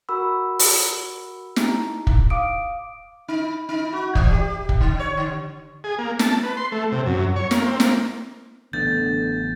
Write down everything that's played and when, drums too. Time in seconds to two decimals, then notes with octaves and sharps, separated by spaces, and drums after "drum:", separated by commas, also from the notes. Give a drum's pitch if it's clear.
0.09 F#4 A#4 F#5 B5 C#6 E6
0.59 drum: open hi-hat
1.56 D#4 E4 G4 A#5, drum: snare
2.07 drum: kick
2.30 F5 D6 D#6 D7
3.28 D#4
3.69 D#4
3.93 F#4
4.15 E3, drum: kick
4.31 G4
4.69 drum: kick
4.81 D3
4.99 C#5
5.17 D3
5.84 G#4
5.99 A#3
6.19 A5, drum: snare
6.43 B4
6.57 C6
6.72 A3
6.92 C3
7.06 F#2
7.36 C#5
7.51 A#3, drum: snare
7.66 C4
7.80 A#3, drum: snare
8.73 A1 D3 B3 G6 A6